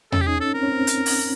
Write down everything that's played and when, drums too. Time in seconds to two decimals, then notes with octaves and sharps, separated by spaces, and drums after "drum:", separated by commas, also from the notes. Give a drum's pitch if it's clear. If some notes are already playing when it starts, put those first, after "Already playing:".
0.12 C#4 A4, drum: tom E2
0.21 G4
0.27 D#4 G#4
0.40 C#4 A4
0.54 C4 A#4
0.63 C#4
0.72 C4
0.87 drum: hi-hat
1.06 drum: open hi-hat